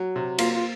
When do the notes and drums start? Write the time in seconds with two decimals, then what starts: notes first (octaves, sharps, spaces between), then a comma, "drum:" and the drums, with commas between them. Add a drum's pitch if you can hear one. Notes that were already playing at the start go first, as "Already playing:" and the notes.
Already playing: F#3
0.16 C3
0.39 A#3 F4, drum: cymbal
0.54 F4